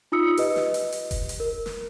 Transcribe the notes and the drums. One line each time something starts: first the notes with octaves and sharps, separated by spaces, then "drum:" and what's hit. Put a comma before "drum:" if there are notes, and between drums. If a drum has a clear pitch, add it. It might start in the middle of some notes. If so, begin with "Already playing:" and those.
D#4 F4 D#6 E6 C#7
G4 B4 D#5, drum: hi-hat
drum: snare
drum: hi-hat
drum: hi-hat
drum: kick F1, hi-hat
drum: hi-hat
A#4
drum: snare